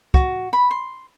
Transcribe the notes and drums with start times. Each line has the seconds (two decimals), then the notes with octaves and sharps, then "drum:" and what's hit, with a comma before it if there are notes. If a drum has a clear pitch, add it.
0.14 F#4, drum: kick
0.53 B5
0.71 C6